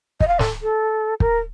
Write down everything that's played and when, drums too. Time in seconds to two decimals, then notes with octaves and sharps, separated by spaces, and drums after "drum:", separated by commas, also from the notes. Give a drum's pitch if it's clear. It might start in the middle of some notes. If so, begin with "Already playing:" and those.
0.20 D#5, drum: kick
0.28 F5
0.39 A4, drum: snare
0.62 A4
1.20 A#4, drum: kick